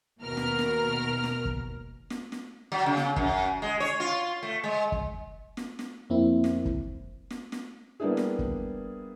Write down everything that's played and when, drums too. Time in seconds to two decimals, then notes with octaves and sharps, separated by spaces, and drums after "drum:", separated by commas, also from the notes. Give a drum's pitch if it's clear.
0.22 D#2 B2 A#4 F6
0.37 drum: snare
0.59 drum: snare
1.24 drum: snare
1.45 drum: kick
2.10 drum: snare
2.32 drum: snare
2.72 F#3
2.86 C#3
2.97 drum: snare
3.16 F#2, drum: kick
3.62 G#3
3.80 C#5
4.00 F4
4.43 A3
4.64 G#3
4.92 drum: kick
5.57 drum: snare
5.79 drum: snare
6.10 F2 A#3 C4 E4
6.44 drum: snare
6.65 drum: kick
7.30 drum: snare
7.52 drum: snare
8.00 G3 A#3 B3 D4 E4 G#4
8.17 drum: snare
8.39 drum: kick